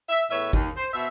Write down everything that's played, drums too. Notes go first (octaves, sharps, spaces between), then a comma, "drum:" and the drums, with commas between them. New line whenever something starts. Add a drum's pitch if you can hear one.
E5
E2 A2 B4 C#5 E5
D#2, drum: kick
C5
B2 C5 E5